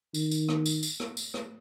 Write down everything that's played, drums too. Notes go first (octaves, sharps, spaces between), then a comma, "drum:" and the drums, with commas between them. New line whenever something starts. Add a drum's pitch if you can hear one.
D#3, drum: tambourine
drum: tambourine
drum: rim click
drum: tambourine
drum: tambourine
drum: rim click
drum: tambourine
drum: rim click